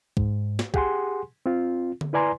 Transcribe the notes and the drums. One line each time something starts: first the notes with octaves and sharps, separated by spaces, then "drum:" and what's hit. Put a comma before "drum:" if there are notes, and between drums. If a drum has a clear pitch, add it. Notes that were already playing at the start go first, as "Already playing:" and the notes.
G#2, drum: kick
drum: snare
G4 G#4 F#5 G#5 C6, drum: kick
C4 F4
drum: tom D3
E4 B4 D5 G#5 A#5 C6